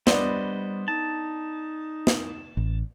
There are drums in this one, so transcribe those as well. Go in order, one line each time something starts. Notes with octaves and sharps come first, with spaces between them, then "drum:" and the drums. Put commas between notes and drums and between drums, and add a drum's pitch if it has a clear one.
G3 B3 D4 C5 D#5, drum: snare
D#4 A5
drum: snare
A1